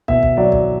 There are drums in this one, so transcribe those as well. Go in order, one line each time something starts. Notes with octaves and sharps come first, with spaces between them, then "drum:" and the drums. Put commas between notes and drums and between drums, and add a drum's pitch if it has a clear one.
B2 E5, drum: kick
drum: kick
F#3 D5
drum: kick